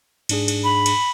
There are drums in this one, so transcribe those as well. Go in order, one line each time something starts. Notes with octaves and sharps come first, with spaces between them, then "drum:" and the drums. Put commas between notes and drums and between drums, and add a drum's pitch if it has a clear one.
G#2 D4 G#4, drum: cymbal
drum: cymbal
B5
drum: cymbal